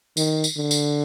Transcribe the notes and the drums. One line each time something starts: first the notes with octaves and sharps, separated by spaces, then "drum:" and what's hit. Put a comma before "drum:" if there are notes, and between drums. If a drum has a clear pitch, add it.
D#3, drum: tambourine
drum: tambourine
D3
drum: tambourine